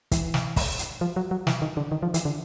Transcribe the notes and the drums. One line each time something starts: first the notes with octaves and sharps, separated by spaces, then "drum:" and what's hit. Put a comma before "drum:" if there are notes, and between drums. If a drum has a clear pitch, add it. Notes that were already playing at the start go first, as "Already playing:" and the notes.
E3, drum: kick, hi-hat
drum: snare
drum: kick, open hi-hat
drum: hi-hat
F3
F#3
F#3
E3, drum: snare
D#3
D3
D#3
F3
E3, drum: hi-hat
D3